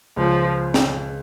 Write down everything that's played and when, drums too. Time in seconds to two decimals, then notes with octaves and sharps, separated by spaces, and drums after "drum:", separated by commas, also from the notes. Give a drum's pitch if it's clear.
0.17 C#2 F3
0.74 drum: snare